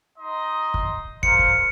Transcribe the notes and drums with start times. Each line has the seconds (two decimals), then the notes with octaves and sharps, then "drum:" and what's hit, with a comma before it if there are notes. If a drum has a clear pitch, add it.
0.18 D#4 D#5 C6
0.74 drum: kick
1.23 A#4 C5 F5 C#7, drum: kick
1.39 drum: kick